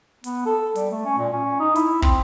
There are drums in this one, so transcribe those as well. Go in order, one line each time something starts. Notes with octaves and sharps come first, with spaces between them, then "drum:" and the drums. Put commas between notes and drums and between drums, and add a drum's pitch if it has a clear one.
B3, drum: hi-hat
A4
G3, drum: hi-hat
A3
C#4
A#2
C#4
D#4
E4, drum: hi-hat
C4, drum: kick